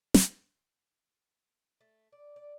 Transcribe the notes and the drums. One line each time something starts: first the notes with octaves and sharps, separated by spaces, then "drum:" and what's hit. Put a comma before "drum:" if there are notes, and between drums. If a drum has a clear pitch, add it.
drum: snare
A3
D5
D5